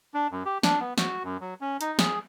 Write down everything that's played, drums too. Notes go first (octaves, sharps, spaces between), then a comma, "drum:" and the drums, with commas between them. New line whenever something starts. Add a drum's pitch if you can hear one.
D4
F#2
G4
D4, drum: snare
B3
F#4, drum: snare
F#2
F#3
C#4
D#4, drum: hi-hat
G#4, drum: snare